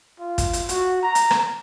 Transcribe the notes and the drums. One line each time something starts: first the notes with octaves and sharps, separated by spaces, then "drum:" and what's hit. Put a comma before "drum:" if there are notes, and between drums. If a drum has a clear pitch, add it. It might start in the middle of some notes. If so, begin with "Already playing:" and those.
F4
drum: kick, hi-hat
drum: hi-hat
F#4, drum: hi-hat
A#5
drum: hi-hat
drum: rim click